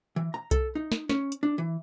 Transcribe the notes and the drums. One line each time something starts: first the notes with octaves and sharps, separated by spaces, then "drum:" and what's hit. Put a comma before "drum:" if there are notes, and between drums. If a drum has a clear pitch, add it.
E3
A#5
A4, drum: kick C2, hi-hat
D#4
drum: snare
C#4, drum: snare
drum: hi-hat
D4
E3